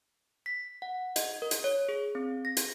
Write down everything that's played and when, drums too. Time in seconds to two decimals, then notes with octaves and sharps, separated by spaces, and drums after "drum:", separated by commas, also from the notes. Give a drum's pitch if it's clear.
0.46 B6
0.82 F#5
1.16 D#5, drum: hi-hat
1.42 A#4
1.51 drum: hi-hat
1.64 C#5
1.89 G#4
2.15 C4
2.45 A#6
2.57 drum: hi-hat